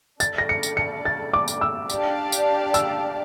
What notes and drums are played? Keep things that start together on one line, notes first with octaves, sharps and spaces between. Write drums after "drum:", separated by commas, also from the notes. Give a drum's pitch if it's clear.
D4 A4 D5 A6, drum: tambourine
A#6
C#7
drum: tambourine
C#7
A6
D6
drum: tambourine
E6
D4 G4 D5 F5 A5, drum: tambourine
drum: tambourine
E6, drum: tambourine